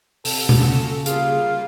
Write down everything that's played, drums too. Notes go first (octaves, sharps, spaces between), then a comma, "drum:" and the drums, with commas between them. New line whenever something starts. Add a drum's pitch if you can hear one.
C3 A4, drum: open hi-hat
drum: tom B2
A#2 C#3 F#4 E6
G3 A#3 F4 G#4 F5, drum: hi-hat